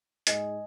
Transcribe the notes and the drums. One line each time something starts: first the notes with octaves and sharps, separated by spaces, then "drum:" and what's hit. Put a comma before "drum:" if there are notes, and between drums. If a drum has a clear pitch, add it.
G#2 G#3 D#5 G#5, drum: hi-hat